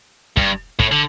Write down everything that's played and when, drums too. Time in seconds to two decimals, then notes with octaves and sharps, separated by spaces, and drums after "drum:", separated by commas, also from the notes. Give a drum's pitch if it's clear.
0.37 G2, drum: kick
0.79 A2, drum: kick
0.92 D3